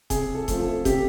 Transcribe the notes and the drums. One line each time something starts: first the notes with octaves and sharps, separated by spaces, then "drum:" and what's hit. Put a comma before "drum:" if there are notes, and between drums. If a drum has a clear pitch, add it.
C3 G#4, drum: kick D#1, hi-hat
A4
F3 A3, drum: kick D#1, hi-hat
A4
C3 G4, drum: kick D#1, hi-hat